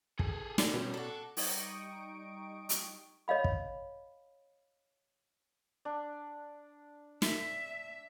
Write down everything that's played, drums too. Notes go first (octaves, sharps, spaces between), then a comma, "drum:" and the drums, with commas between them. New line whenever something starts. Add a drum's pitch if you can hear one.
G#4 A4, drum: kick
C4 D4 F4, drum: snare
B2 G3 C#4
D4 F#4 A4
G3 D#4 G5 C#6 D#6 D7, drum: open hi-hat
drum: hi-hat
C#5 D#5 F5 B5
drum: kick
D4
E5, drum: snare